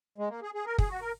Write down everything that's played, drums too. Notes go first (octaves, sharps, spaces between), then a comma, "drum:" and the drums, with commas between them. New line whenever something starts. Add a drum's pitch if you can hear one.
G#3
A#3
G#4
G#4
A#4
G#4, drum: kick
F#4
A#4